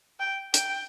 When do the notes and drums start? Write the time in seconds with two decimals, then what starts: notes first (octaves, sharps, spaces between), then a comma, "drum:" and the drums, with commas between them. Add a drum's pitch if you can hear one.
0.20 G5
0.54 G5, drum: hi-hat